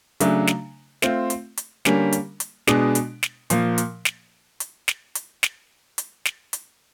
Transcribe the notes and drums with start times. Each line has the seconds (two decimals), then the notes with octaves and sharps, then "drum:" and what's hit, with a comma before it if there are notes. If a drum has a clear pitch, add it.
0.20 C#3 F#3 A3 D4, drum: hi-hat
0.47 drum: snare
1.02 A3 C4 F4, drum: snare
1.30 drum: hi-hat
1.57 drum: hi-hat
1.85 D3 G3 A#3 C#4, drum: snare
2.13 drum: hi-hat
2.40 drum: hi-hat
2.67 B2 G#3 B3 D4, drum: snare
2.95 drum: hi-hat
3.23 drum: snare
3.50 A#2 F3 A#3, drum: hi-hat
3.78 drum: hi-hat
4.05 drum: snare
4.60 drum: hi-hat
4.88 drum: snare
5.15 drum: hi-hat
5.43 drum: snare
5.98 drum: hi-hat
6.25 drum: snare
6.53 drum: hi-hat